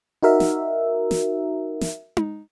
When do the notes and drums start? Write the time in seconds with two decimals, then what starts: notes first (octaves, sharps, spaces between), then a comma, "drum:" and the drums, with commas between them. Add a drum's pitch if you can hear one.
0.23 D#4 F#4 A#4 E5
0.40 drum: snare
1.11 drum: snare
1.81 drum: snare
2.17 drum: tom D#4